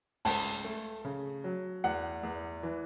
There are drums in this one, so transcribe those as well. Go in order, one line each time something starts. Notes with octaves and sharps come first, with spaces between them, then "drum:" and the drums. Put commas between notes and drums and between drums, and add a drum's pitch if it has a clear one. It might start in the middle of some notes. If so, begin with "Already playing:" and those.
C#2 A5, drum: open hi-hat
A3
C#3
F#3
E2 F#5
E2
E3